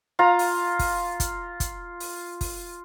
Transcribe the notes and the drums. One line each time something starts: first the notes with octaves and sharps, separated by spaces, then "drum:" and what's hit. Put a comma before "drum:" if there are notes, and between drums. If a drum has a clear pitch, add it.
F4 A#5
drum: open hi-hat
drum: kick, open hi-hat
drum: kick, hi-hat
drum: kick, hi-hat
drum: open hi-hat
drum: kick, open hi-hat